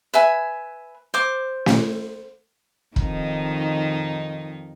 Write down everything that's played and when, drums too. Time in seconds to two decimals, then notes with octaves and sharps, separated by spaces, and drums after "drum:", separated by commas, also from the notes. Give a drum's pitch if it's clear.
0.14 B4 E5 G#5
1.14 C5 D6
1.66 drum: snare
2.96 F2 D#3 D#4, drum: kick